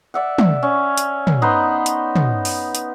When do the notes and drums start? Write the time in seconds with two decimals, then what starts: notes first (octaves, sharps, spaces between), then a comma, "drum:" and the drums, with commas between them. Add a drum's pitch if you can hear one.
0.14 D5 E5 F#5
0.38 drum: tom
0.63 C#4
0.98 drum: hi-hat
1.27 drum: tom
1.42 B3 D#4 B4 C5
1.86 drum: hi-hat
2.16 drum: tom
2.45 drum: open hi-hat
2.75 drum: hi-hat